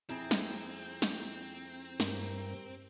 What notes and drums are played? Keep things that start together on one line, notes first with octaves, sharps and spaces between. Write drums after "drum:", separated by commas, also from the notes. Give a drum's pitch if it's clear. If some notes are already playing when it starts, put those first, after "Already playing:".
F2 C4 E4 G#4 A#5
drum: snare
drum: snare
G2 A#4, drum: snare